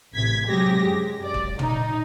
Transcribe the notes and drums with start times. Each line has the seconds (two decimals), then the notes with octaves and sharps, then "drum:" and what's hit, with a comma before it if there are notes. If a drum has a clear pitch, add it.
0.14 A1 C3 G#6 B6
0.47 C3 F#3 G#3 G4 A#6
0.87 F#2
1.22 D5
1.34 drum: kick
1.59 D#4, drum: tom